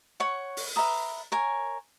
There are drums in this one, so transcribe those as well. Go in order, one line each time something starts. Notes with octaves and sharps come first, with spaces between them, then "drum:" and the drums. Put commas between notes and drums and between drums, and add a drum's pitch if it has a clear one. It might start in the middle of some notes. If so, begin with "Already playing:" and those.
C#5 F#5 C#6
drum: open hi-hat
B4 E5 A#5 D#6
A#4 C#5 G#5